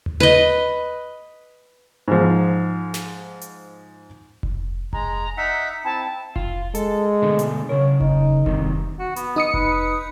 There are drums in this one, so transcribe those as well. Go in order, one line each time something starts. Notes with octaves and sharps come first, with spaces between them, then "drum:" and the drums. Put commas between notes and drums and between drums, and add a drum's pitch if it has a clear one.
drum: tom D#2
B4 D#5
G#2 F3
drum: snare
drum: hi-hat
drum: kick F1
G#3 A#5, drum: kick F1
D#4 E5 F#5 B6
C4 E4 A5
F4, drum: kick F1
G#3 A4, drum: hi-hat
B2 D3 A3
drum: hi-hat
C#3 A#4 C#5
D#4, drum: kick F1
G2 C3 D#3, drum: kick F1
F#4
B3, drum: hi-hat
D#4 D#6 C#7
B4, drum: kick F1